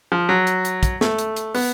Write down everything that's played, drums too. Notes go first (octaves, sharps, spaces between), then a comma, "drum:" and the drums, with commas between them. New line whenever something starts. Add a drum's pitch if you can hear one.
F3
F#3
drum: hi-hat
drum: hi-hat
drum: kick, hi-hat
A3, drum: snare
drum: hi-hat
drum: hi-hat
B3, drum: open hi-hat